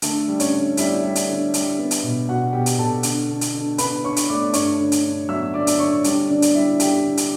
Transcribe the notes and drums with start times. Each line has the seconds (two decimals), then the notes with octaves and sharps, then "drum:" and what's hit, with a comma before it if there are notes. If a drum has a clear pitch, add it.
0.02 D3 A3 A4, drum: hi-hat
0.28 G3
0.40 C#4 C#5, drum: hi-hat
0.52 D3
0.77 G3 E4 E5, drum: hi-hat
1.04 G3
1.15 drum: hi-hat
1.28 D3
1.54 G3, drum: hi-hat
1.78 B3
1.91 drum: hi-hat
2.03 B2
2.28 B2 F#4 F#5
2.53 B2 G4 G5
2.66 drum: hi-hat
2.78 B2 A4 A5
3.03 D3, drum: hi-hat
3.29 D3
3.41 drum: hi-hat
3.54 D3
3.78 D3 B4 B5, drum: hi-hat
4.04 D3 C#5 C#6
4.16 drum: hi-hat
4.28 A3 D5 D6
4.53 G2 C#5 C#6, drum: hi-hat
4.80 D3
4.92 drum: hi-hat
5.04 G2
5.29 F#3 E5 E6
5.54 D3 D5 D6
5.67 drum: hi-hat
5.79 D3 C#5 C#6
6.04 G3 D4 D5, drum: hi-hat
6.29 D3 D4 D5
6.42 drum: hi-hat
6.55 G3 E4 E5
6.80 D3 G4 G5, drum: hi-hat
7.05 D3
7.17 drum: hi-hat